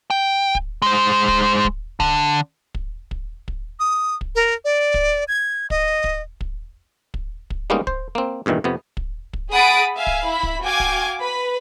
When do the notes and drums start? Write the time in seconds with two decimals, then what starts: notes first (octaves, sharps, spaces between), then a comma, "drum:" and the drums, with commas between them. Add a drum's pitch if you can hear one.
0.10 G5
0.55 drum: kick
0.82 G#3 C5
1.28 drum: kick
1.65 drum: kick
2.00 D3, drum: kick
2.75 drum: kick
3.11 drum: kick
3.48 drum: kick
3.79 D#6
4.21 drum: kick
4.35 A#4
4.65 D5
4.94 drum: kick
5.28 G#6
5.70 D#5, drum: kick
6.04 drum: kick
6.41 drum: kick
7.14 drum: kick
7.50 drum: kick
7.70 G3 G#3 A#3 B3 C#4 D#4
7.87 C5, drum: kick
8.15 A#3 C4
8.46 E2 G2 A#2 D#3 E3
8.64 F2 C3 B3
8.97 drum: kick
9.33 drum: kick
9.52 G#4 F#5 B5 D#6 A6 D7
9.96 E5 F5 G#5
10.07 drum: kick
10.24 E4 B5
10.43 drum: kick
10.63 F#4 F5 G5 G#5 D6 G#6
10.80 drum: kick
11.20 B4 B5